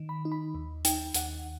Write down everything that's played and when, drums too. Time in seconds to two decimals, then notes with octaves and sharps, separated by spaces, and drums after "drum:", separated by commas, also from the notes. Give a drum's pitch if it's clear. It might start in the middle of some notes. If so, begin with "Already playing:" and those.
Already playing: D#3
0.09 B5
0.25 D#4
0.32 B5
0.55 D#2
0.85 D#4 G5, drum: hi-hat
1.14 D#2 F#5, drum: hi-hat